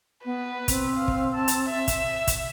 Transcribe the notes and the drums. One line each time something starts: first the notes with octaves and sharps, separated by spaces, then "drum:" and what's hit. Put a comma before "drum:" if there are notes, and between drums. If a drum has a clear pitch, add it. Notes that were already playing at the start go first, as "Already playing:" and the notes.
B3 B4
C4, drum: kick, hi-hat
F5
drum: kick
A5
drum: hi-hat
E5
drum: kick, hi-hat
drum: kick, hi-hat